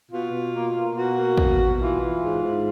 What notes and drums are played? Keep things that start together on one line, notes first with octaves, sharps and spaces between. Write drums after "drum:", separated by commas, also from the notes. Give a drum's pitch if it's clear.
B2 F4
B2
A#3
A#3
B2 F#4
A#3
B2, drum: kick
B2
E3 F4
E3
G#2
G#2